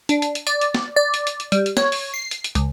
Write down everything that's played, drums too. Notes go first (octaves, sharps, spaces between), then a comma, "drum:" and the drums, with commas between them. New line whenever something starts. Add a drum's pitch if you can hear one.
D4, drum: hi-hat
drum: hi-hat
drum: hi-hat
D5, drum: hi-hat
drum: hi-hat
drum: snare
D5
drum: hi-hat
drum: hi-hat
drum: hi-hat
G3, drum: hi-hat
drum: hi-hat
C#5, drum: snare
drum: open hi-hat
C7
drum: hi-hat
drum: hi-hat
C#2, drum: hi-hat